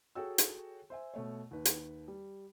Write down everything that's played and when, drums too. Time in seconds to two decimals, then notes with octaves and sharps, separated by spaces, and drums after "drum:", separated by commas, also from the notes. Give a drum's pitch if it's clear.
0.15 F#4 G#4 A4 C#5 G5 E6
0.38 drum: hi-hat
0.90 C5 E5 G#5
1.14 B2 A3 C#5
1.51 D#2 B4
1.65 drum: hi-hat
2.08 G3